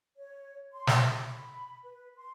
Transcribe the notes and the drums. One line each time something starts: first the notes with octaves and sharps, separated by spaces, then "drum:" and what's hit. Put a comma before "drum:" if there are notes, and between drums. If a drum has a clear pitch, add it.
C#5
C6
drum: snare
B5
B4
C6